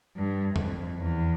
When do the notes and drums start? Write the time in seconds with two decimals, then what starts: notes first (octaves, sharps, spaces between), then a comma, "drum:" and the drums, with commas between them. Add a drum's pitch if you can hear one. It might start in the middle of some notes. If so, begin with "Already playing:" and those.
0.16 G2
0.56 F2, drum: tom F2
0.97 E2